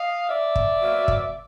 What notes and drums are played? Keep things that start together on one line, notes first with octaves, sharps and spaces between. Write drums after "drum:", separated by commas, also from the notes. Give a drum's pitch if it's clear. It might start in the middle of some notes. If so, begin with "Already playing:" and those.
Already playing: D#5 F5
D5 E5
drum: kick
B2 F#3 A#3
drum: kick